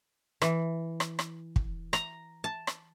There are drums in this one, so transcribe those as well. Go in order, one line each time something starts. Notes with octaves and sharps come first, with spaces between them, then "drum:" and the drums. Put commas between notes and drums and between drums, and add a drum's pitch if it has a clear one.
E3, drum: rim click
drum: rim click
drum: rim click
drum: kick
A#5, drum: rim click
A5
drum: rim click